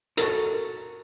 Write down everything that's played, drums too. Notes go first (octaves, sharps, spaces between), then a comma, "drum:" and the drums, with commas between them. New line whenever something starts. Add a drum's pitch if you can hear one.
F#4 A4 A#4, drum: hi-hat